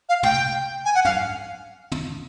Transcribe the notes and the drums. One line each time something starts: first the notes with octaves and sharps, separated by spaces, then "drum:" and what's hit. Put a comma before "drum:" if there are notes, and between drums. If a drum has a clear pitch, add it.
F5
G5, drum: tom
G#5
F#5
F5, drum: tom
drum: tom